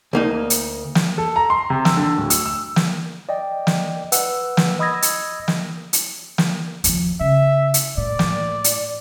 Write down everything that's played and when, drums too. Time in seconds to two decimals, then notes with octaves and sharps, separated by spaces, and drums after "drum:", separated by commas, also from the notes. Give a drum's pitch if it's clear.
0.13 D2 A#3 D#4
0.50 drum: hi-hat
0.95 drum: snare
1.18 A4
1.36 A#5
1.50 C6
1.70 C3
1.85 E6, drum: snare
1.97 D3
2.17 D1
2.30 E6, drum: hi-hat
2.46 E6
2.76 drum: snare
3.29 D5 D#5 G5
3.67 drum: snare
4.12 B4 F#5 E6, drum: hi-hat
4.57 drum: snare
4.80 D#5 B5 D#6 E6 G#6 A#6
5.02 drum: hi-hat
5.48 drum: snare
5.93 drum: hi-hat
6.38 drum: snare
6.84 D#2 F3, drum: hi-hat
7.21 C#3 E5
7.74 drum: hi-hat
7.98 A2 D5
8.19 drum: snare
8.64 drum: hi-hat